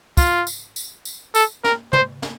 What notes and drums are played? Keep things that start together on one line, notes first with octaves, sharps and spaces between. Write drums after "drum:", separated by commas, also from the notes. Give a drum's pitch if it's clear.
F4, drum: kick, tambourine
drum: tambourine
drum: tambourine
drum: tambourine
A4, drum: tambourine
A#4, drum: snare
C5, drum: tom
drum: snare